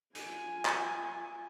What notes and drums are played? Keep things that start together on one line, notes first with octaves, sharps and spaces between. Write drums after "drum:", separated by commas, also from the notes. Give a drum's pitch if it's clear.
F4 G#5, drum: hi-hat
drum: clap